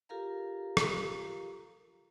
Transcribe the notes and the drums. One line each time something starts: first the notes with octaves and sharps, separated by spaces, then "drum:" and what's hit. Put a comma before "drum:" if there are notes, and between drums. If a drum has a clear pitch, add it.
F4 G4 A4 A#4 F5 A#5
drum: rim click